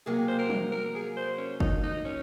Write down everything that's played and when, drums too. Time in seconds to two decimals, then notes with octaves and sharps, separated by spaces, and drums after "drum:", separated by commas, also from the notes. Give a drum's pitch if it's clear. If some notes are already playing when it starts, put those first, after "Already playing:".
0.06 C3 F#3 A#3 G#4
0.29 C5
0.39 A#4
0.50 drum: tom
0.72 A#4
0.95 G#4
1.17 C5
1.38 C#4
1.60 D#4, drum: kick F#1
1.83 D#4
2.05 C#4